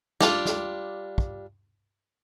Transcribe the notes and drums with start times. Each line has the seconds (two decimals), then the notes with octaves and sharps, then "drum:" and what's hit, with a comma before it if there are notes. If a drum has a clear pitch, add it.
0.20 G3 D4 F4, drum: snare
0.45 drum: snare
1.18 drum: kick